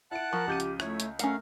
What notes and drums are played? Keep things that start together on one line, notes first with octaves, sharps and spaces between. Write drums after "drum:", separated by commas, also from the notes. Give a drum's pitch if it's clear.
E4 F#5 A5 F#6 D7
F3 A#4 C#6
C#2 G4 G6 D#7
drum: hi-hat
A3 E4 C#5, drum: rim click
drum: hi-hat
A3 C#4 A#4 F5 F#5, drum: hi-hat